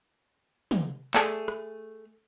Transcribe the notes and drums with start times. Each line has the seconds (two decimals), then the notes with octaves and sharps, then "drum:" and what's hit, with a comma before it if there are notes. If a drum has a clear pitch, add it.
0.71 drum: tom
1.14 A3 G#4 C5 D5 A5, drum: clap
1.48 drum: rim click